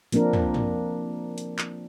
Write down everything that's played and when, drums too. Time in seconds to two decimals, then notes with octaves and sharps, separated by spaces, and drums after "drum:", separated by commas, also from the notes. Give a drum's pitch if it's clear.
0.12 F3 A#3 C4 D4 A#4, drum: hi-hat
0.33 drum: tom
0.54 drum: tom
1.38 drum: hi-hat
1.59 drum: clap